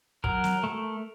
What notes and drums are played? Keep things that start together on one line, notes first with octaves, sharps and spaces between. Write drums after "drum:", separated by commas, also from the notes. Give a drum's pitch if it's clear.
F#3 A#4, drum: kick
drum: snare
A3